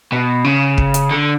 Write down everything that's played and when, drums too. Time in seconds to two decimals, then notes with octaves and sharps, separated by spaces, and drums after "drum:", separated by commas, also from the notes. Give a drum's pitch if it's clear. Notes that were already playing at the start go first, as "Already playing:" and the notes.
0.12 B2
0.44 C#3
0.78 drum: kick
0.94 drum: hi-hat
1.11 D3